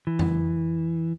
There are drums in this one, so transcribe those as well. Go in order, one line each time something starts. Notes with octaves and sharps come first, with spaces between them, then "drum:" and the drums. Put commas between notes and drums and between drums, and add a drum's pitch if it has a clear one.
E3
drum: tom F2